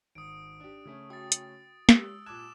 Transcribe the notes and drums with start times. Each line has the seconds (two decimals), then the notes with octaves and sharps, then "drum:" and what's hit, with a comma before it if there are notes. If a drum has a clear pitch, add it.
0.15 G#1 D#6 D7
0.60 D4 G4
0.85 C#3 A3 C#4
1.10 F#4 G5 D#6 A6
1.32 drum: hi-hat
1.89 G#3 G4 E6 F#6, drum: snare
2.26 A#2 A5 D6 F#6 G#6 E7